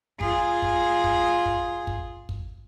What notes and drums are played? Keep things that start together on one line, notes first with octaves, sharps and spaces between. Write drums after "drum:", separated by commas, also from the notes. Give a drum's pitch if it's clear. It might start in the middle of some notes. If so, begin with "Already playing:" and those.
F4 G#4, drum: kick
drum: kick
drum: kick
drum: kick
drum: kick
drum: kick